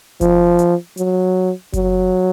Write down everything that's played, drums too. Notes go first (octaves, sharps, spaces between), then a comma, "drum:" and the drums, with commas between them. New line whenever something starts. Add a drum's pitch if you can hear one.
F3, drum: kick F#1, hi-hat
drum: hi-hat
F#3, drum: hi-hat
F#3, drum: kick F#1, hi-hat